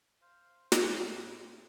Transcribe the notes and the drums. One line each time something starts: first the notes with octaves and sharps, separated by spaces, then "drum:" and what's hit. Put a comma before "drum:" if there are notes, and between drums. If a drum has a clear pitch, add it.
C5 F5
drum: snare
A2 B3 E4
C4 F4